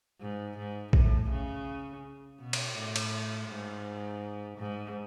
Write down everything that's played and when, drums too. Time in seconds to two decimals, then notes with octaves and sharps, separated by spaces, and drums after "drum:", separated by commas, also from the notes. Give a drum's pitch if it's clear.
0.20 G#2
0.58 G#2
0.93 A2, drum: kick A#1
1.30 C#3
2.40 B2
2.53 drum: cymbal
2.76 A2
2.96 drum: cymbal
3.49 G#2
4.58 G#2